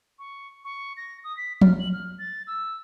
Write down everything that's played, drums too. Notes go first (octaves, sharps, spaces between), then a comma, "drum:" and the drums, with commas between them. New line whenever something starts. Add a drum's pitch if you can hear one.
C#6
C#6
A#6
D#6
B6
F6, drum: tom F3
F#7
F6
A6
E6